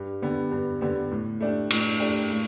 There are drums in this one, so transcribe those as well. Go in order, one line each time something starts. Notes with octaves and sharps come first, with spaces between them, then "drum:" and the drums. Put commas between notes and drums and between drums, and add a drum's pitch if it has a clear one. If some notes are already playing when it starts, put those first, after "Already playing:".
Already playing: G2
D3 B3 G4
G2
D3 B3 G4
A2
A3 D4 G4
A2, drum: cymbal
A3 D4 G4
A2